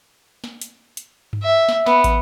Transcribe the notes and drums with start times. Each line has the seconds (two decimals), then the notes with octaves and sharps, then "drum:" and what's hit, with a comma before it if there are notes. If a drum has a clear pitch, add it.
0.44 drum: snare
0.61 drum: hi-hat
0.97 drum: hi-hat
1.33 drum: tom G2
1.43 E5
1.69 drum: snare
1.86 B3, drum: snare
2.04 drum: kick, hi-hat